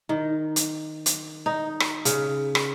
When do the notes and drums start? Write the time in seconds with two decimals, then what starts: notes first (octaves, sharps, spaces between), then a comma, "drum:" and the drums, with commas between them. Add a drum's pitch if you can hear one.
0.09 D#3
0.56 drum: hi-hat
1.06 drum: hi-hat
1.46 D#4
1.80 drum: rim click
2.05 C#3, drum: hi-hat
2.55 drum: rim click